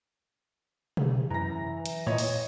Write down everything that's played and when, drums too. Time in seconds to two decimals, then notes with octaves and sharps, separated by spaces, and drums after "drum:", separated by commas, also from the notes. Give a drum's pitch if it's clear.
0.97 drum: tom B2
1.30 F#2 E3 A#5 A#6
1.86 drum: hi-hat
2.07 A#2 C#5 D#5
2.18 drum: open hi-hat